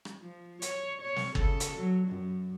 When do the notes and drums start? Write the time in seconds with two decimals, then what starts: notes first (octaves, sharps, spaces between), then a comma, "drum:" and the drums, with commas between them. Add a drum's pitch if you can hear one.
0.05 drum: rim click
0.21 F3
0.62 C#5, drum: hi-hat
1.02 C#5
1.16 drum: snare
1.35 C#3 A4, drum: kick
1.60 drum: hi-hat
1.77 F#3
2.07 F#2